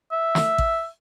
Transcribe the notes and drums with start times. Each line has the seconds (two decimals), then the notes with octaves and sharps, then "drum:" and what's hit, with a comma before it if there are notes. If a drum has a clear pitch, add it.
0.12 E5
0.35 drum: snare
0.58 drum: kick A1